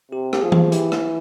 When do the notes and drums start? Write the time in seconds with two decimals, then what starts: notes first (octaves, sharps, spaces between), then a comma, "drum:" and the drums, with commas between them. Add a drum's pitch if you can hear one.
0.11 C3 G4
0.33 G4, drum: rim click
0.42 F3 G#4
0.52 drum: tom E3
0.72 E3 G4, drum: hi-hat
0.92 drum: rim click